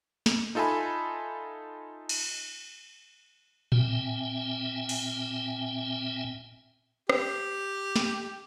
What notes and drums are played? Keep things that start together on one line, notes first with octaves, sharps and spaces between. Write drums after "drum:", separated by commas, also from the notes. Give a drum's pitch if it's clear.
drum: snare
D#4 F4 A4 E5 G#5 B5
drum: cymbal
A#2 C4 E5 G5 G#5, drum: tom A2
drum: open hi-hat
G4, drum: rim click
drum: snare